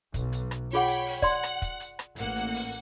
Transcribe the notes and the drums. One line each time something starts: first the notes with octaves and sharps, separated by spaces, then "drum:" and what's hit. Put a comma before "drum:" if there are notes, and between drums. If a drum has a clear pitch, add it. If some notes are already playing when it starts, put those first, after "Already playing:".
B1, drum: kick, hi-hat
drum: hi-hat
drum: rim click
F4 G#4 C#5 F#5 G5 B5
drum: hi-hat
drum: open hi-hat
D5 F#5 C6, drum: kick, hi-hat
drum: rim click
drum: kick, hi-hat
drum: hi-hat
drum: rim click
A1 A#3 F#5, drum: hi-hat
drum: hi-hat
drum: open hi-hat